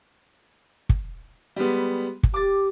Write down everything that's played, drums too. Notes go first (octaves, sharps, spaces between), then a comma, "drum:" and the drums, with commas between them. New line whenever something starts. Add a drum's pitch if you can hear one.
drum: kick
G3 G#3 B3
drum: kick
G4 D6 A6